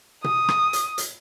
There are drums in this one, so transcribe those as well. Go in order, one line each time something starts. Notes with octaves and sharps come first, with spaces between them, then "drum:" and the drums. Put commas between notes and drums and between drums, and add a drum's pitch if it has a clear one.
D#6, drum: tom B2
drum: rim click
drum: hi-hat
drum: hi-hat